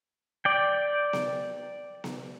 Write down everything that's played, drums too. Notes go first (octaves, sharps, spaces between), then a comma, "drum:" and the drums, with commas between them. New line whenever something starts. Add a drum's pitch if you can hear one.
D5 G5
drum: snare B3
drum: snare B3